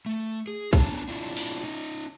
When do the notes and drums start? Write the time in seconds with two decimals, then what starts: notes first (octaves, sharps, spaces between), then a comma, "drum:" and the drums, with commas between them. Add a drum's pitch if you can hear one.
0.06 A3
0.47 G#4
0.73 B3 C#4 D4 A5 A#5, drum: kick
1.08 C4 D4 E4 F4
1.37 drum: open hi-hat
1.64 C#4 D#4